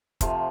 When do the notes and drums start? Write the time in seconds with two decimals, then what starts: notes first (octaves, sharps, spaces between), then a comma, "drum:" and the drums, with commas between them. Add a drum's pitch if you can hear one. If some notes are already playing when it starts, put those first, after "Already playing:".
0.21 C3 F3 A3, drum: kick, hi-hat